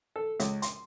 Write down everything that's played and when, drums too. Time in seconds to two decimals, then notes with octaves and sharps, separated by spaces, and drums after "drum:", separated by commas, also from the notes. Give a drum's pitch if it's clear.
0.16 A4
0.40 C#2, drum: hi-hat
0.62 C6, drum: hi-hat